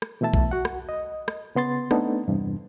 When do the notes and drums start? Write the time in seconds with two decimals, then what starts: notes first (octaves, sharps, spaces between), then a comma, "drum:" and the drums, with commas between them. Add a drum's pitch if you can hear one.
0.02 drum: rim click
0.21 B2 E3 A3 E5 A5
0.34 drum: kick, hi-hat
0.51 F#4 F#5
0.65 drum: rim click
0.89 D#5
1.28 drum: rim click
1.55 C#3 B3 C6 A6
1.91 A3 B3 C4 D4 D#4 A4, drum: rim click
2.28 E2 G2 C3